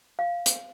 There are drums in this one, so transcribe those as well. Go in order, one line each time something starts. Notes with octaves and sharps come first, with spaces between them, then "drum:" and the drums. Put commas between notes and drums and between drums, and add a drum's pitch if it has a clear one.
F5
drum: hi-hat